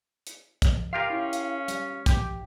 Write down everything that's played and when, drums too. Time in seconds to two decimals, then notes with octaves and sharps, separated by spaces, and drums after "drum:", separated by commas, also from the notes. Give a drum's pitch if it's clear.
0.27 drum: hi-hat
0.62 drum: kick, hi-hat
0.93 F4 G4 A#4 F5
1.10 C#4 E4
1.33 drum: hi-hat
1.68 G3, drum: hi-hat
2.06 A#1 G4, drum: kick, hi-hat